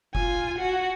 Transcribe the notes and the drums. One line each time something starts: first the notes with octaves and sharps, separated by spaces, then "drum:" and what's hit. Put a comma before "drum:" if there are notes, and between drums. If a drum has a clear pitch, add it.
F4 G#5, drum: kick F1
F#4 F#5